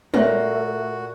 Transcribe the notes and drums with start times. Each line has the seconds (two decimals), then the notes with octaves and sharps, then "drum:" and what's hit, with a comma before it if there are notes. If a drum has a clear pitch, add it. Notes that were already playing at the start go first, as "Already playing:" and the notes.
0.14 A#2 A3 F#4 B4 C#5 E5, drum: tom G3